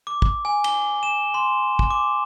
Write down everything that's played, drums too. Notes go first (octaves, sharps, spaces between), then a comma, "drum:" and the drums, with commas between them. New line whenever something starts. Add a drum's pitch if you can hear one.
D6
drum: kick
G#5
G7, drum: cymbal
E7
C6
drum: kick
D6